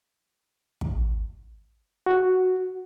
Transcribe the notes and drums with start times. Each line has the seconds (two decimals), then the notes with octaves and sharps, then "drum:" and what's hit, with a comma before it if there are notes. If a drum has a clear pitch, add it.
0.81 drum: kick
2.06 F#4